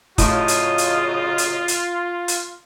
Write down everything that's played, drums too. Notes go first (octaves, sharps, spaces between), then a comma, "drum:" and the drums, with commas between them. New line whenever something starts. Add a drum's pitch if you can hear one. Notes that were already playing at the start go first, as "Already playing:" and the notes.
F#2 A2 C#3 F4 D#5, drum: kick, hi-hat
drum: hi-hat
drum: hi-hat
drum: hi-hat
drum: hi-hat
drum: hi-hat